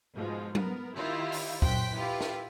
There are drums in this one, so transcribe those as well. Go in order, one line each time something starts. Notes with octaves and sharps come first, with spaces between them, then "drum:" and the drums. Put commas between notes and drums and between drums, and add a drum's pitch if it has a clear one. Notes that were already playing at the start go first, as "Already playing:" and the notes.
G#2 B2 F3 G#3
B3 A#4, drum: tom F#3
D#3 E4 F4 G4
drum: open hi-hat
A#1 F#2 C5 G5 F#6 B6, drum: kick
E4 F4 G4 B4
drum: snare